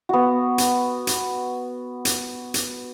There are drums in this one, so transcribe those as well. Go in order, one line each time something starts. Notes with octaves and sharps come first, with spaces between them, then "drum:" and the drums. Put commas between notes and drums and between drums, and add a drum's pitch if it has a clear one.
B3 F#4
drum: hi-hat
drum: hi-hat
drum: hi-hat
drum: hi-hat